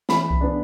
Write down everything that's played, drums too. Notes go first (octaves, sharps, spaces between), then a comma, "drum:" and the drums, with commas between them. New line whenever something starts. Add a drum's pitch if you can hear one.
E3 B5, drum: snare
drum: kick C2
B3 D4